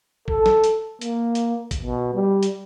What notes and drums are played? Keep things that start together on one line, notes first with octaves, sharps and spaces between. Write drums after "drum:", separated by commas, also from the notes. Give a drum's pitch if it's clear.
A4, drum: kick G#1
drum: snare
drum: hi-hat
A#3, drum: hi-hat
drum: hi-hat
drum: kick G#1, hi-hat
B2
G3
drum: hi-hat